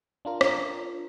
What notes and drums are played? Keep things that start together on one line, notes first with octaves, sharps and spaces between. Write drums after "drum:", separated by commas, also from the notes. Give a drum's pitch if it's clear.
D4 F4 A#4
drum: rim click